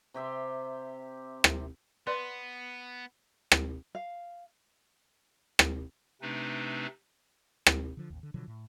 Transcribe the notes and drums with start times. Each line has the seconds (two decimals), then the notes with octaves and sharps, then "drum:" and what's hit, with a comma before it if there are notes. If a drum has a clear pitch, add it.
0.14 C3 G4 E5 C6
1.44 drum: rim click
2.07 B3 B4 D5 C6
3.52 drum: rim click
3.95 F5
5.59 drum: rim click
6.22 C3 A3 C4 D4 D#4 B4
7.66 drum: rim click
7.97 D3 F3
8.10 A1 D#2
8.23 D3
8.34 B2 D3 F3 F#3
8.48 A2